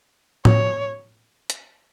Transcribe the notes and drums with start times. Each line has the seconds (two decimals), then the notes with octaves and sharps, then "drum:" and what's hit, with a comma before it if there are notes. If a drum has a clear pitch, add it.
0.45 C#5, drum: tom A2
1.50 drum: hi-hat